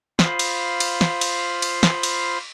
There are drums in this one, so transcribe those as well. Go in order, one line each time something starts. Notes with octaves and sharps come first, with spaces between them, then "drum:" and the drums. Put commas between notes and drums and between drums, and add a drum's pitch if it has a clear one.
F4 C5 F5 B5 C6 D#6, drum: snare
drum: cymbal
drum: cymbal
drum: snare
drum: cymbal
drum: cymbal
drum: snare
drum: cymbal